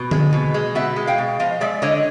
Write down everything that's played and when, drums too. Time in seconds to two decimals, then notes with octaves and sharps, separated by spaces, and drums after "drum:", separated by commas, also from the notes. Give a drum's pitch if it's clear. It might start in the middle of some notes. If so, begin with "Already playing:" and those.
Already playing: B2
0.11 G#3, drum: tom D3
0.33 B2
0.54 G#3
0.75 B2 E5 F#5
0.96 G#3
1.07 F5 G5
1.18 B2
1.40 F3 D#5 F5
1.61 G#3 D5 E5
1.82 D3 C#5 D#5